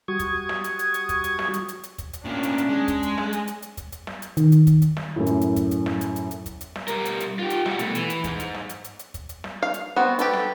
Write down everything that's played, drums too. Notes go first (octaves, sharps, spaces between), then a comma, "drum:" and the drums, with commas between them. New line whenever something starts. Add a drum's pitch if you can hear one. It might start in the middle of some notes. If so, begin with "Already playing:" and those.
G3 F#4 C#6 D#6 G#6
drum: kick, hi-hat
drum: snare
drum: hi-hat
drum: hi-hat
drum: hi-hat
drum: kick, hi-hat
drum: hi-hat
drum: snare
drum: hi-hat
drum: hi-hat
drum: hi-hat
drum: kick, hi-hat
drum: hi-hat
A2 A#3 C#4 D4
drum: hi-hat
drum: hi-hat
G#3
drum: kick, hi-hat
drum: hi-hat
drum: snare
drum: hi-hat
drum: hi-hat
drum: hi-hat
drum: kick, hi-hat
drum: hi-hat
drum: snare
drum: hi-hat
D#3, drum: hi-hat
drum: hi-hat
drum: kick, hi-hat
drum: hi-hat
drum: snare
F#2 A2
drum: hi-hat
drum: hi-hat
drum: kick, hi-hat
drum: hi-hat
drum: snare
drum: hi-hat
drum: hi-hat
drum: hi-hat
drum: kick, hi-hat
drum: hi-hat
drum: snare
G3 A#4, drum: hi-hat
drum: hi-hat
drum: hi-hat
F4 G4
drum: hi-hat
G3 F#4, drum: snare
B2 A3, drum: hi-hat
E3, drum: hi-hat
drum: hi-hat
G#2, drum: kick, hi-hat
drum: hi-hat
drum: snare
drum: hi-hat
drum: hi-hat
drum: hi-hat
drum: kick, hi-hat
drum: hi-hat
drum: snare
F5
drum: hi-hat
B3 C4 F#4
G4 A4 B4, drum: hi-hat
drum: snare